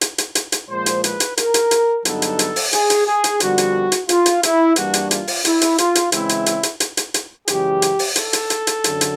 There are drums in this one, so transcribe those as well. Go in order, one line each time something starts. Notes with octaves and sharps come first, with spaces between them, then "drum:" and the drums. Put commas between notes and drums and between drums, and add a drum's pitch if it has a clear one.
drum: hi-hat
drum: hi-hat
drum: hi-hat
drum: hi-hat
A#2 F3 G#3 C5
drum: hi-hat
B4, drum: hi-hat
drum: hi-hat
A#4, drum: hi-hat
drum: hi-hat
drum: hi-hat
G2 D3 F#3 B3 D#4 A4, drum: hi-hat
drum: hi-hat
drum: hi-hat
drum: open hi-hat
G#4, drum: hi-hat
drum: hi-hat
G#4
drum: hi-hat
F2 D3 G3 B3 F#4, drum: hi-hat
drum: hi-hat
drum: hi-hat
F4, drum: hi-hat
drum: hi-hat
E4, drum: hi-hat
G2 E3 G3 A#3 D4 F#4, drum: hi-hat
drum: hi-hat
F4, drum: hi-hat
drum: open hi-hat
E4, drum: hi-hat
drum: hi-hat
F4, drum: hi-hat
drum: hi-hat
C#3 E3 G#3 C4 E4, drum: hi-hat
drum: hi-hat
drum: hi-hat
drum: hi-hat
drum: hi-hat
drum: hi-hat
drum: hi-hat
F#2 C#3 E3 G#3 G4, drum: hi-hat
drum: hi-hat
drum: open hi-hat
A4, drum: hi-hat
drum: hi-hat
drum: hi-hat
drum: hi-hat
F#2 D3, drum: hi-hat
drum: hi-hat